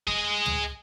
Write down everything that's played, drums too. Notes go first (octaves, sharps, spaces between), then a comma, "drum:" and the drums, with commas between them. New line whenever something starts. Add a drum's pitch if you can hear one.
G#4 D#5, drum: kick F2
drum: tom